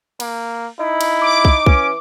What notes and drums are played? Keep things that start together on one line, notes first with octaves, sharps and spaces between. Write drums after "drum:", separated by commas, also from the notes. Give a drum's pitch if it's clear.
A#3, drum: cymbal
D#4 E4
drum: cymbal
D6
drum: kick
E3 C#4, drum: kick